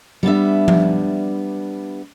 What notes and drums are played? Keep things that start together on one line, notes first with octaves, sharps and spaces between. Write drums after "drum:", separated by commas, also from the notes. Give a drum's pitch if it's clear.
G3 B3 D4 E5
drum: tom F3